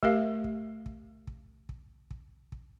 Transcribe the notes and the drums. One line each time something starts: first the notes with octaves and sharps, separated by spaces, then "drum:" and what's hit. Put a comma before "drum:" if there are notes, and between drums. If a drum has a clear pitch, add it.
A3 G4 A#4 F5, drum: kick
drum: kick
drum: kick
drum: kick
drum: kick
drum: kick
drum: kick